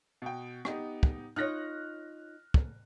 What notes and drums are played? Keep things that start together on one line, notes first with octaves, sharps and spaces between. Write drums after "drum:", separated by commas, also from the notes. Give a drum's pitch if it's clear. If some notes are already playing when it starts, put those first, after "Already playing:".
B2 G5
B3 D#4 G4, drum: rim click
drum: kick
D#4 F4 C#5 F6 F#6 A#6
drum: kick